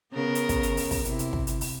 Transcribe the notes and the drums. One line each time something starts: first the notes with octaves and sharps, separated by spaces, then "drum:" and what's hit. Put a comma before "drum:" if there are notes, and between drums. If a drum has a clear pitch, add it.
C#3 B3 A#4
drum: hi-hat
drum: kick, hi-hat
drum: hi-hat
drum: open hi-hat
drum: kick, open hi-hat
C3 E4, drum: hi-hat
drum: hi-hat
drum: kick
drum: hi-hat
drum: open hi-hat